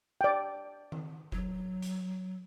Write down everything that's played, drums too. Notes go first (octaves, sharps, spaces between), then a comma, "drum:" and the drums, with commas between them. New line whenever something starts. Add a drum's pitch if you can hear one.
D5 G5
drum: tom D#3
F#3, drum: kick F1
drum: hi-hat